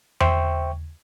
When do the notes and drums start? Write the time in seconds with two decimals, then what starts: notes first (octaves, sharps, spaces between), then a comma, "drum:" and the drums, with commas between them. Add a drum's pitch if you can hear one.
0.20 C5 E5 G5 C#6, drum: tom E2